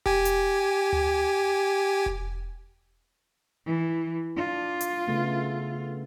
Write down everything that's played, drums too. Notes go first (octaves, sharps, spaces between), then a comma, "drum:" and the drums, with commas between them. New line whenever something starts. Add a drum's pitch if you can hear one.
G4 G#5, drum: kick E1
drum: hi-hat
drum: tom D2
drum: kick E1
E3
D4 F4
drum: hi-hat
C#3 A3 B3